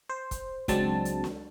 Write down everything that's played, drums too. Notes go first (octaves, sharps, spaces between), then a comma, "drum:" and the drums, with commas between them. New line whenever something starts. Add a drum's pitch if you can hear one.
C5
drum: kick, hi-hat
C#2 F#3 G#3 C4 D4 A5, drum: kick, hi-hat
drum: hi-hat
drum: snare